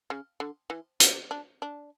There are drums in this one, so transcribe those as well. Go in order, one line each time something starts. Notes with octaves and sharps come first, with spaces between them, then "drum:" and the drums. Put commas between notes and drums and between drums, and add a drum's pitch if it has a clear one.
C#3
D3
E3
B3, drum: hi-hat
D4
D4